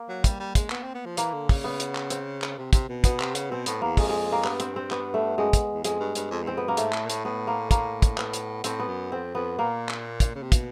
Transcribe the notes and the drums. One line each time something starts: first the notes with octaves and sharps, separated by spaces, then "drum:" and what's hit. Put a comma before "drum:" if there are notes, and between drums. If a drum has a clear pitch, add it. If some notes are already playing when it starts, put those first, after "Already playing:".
Already playing: A#3
F#3
G3, drum: kick, hi-hat
G3
G#3, drum: kick, hi-hat
B3, drum: clap
C4
B3
F3
E3 A#3, drum: hi-hat
D3
C#3, drum: kick, open hi-hat
B3
drum: hi-hat
drum: clap
C4, drum: hi-hat
drum: clap
C3
C3, drum: kick, hi-hat
B2
B2 B3, drum: kick, hi-hat
C3, drum: clap
C#3, drum: hi-hat
B2 C4
A2 B3, drum: hi-hat
E2 A#3
F2 G#3, drum: kick, open hi-hat
G#3
A#3
G2 B3, drum: clap
C4, drum: hi-hat
C4
B3, drum: clap
A3
F#2 G#3
drum: kick, hi-hat
E2
F2 G#3, drum: hi-hat
G2
G2, drum: hi-hat
F2
E2 C4
F2 B3
F#2 A#3
G#2 A3, drum: hi-hat
A2, drum: clap
A#2
A2, drum: hi-hat
A2 B3
A#3
A#3, drum: kick, hi-hat
drum: kick, hi-hat
B3, drum: clap
drum: hi-hat
A2 C4, drum: hi-hat
B3
F#2
F2 C4
F2 B3
A#2 A#3
drum: clap
drum: kick, hi-hat
C#3
C3
B2, drum: kick, hi-hat